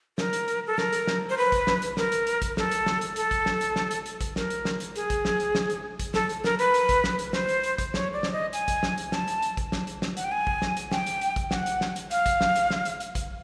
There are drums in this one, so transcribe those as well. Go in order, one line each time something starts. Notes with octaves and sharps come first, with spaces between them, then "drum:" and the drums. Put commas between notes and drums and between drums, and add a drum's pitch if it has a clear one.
A#4, drum: snare
drum: hi-hat
drum: hi-hat
A4
A#4, drum: snare
drum: hi-hat
drum: snare
C5
B4
drum: kick, hi-hat
drum: snare
drum: hi-hat
A#4, drum: snare
drum: hi-hat
drum: hi-hat
drum: kick, hi-hat
A4, drum: snare
drum: hi-hat
drum: snare
drum: hi-hat
A4, drum: hi-hat
drum: kick, hi-hat
drum: snare
drum: hi-hat
drum: snare
drum: hi-hat
drum: hi-hat
drum: kick, hi-hat
A#4, drum: snare
drum: hi-hat
drum: snare
drum: hi-hat
G#4, drum: hi-hat
drum: kick, hi-hat
drum: snare
drum: hi-hat
drum: snare
drum: hi-hat
drum: kick, hi-hat
A4, drum: snare
drum: hi-hat
A#4, drum: snare
B4, drum: hi-hat
drum: hi-hat
drum: kick, hi-hat
drum: snare
drum: hi-hat
C5, drum: snare
drum: hi-hat
drum: hi-hat
drum: kick, hi-hat
C#5, drum: snare
D5
drum: snare
D#5
G#5, drum: hi-hat
drum: kick, hi-hat
drum: snare
drum: hi-hat
A5, drum: snare
drum: hi-hat
drum: hi-hat
drum: kick, hi-hat
drum: snare
drum: hi-hat
drum: snare
F#5, drum: hi-hat
G5
G#5
drum: kick
drum: snare
drum: hi-hat
G5, drum: snare
drum: hi-hat
drum: hi-hat
drum: kick, hi-hat
F#5, drum: snare
drum: hi-hat
drum: snare
drum: hi-hat
F5, drum: hi-hat
drum: kick, hi-hat
drum: snare
drum: hi-hat
drum: snare
drum: hi-hat
drum: hi-hat
drum: kick, hi-hat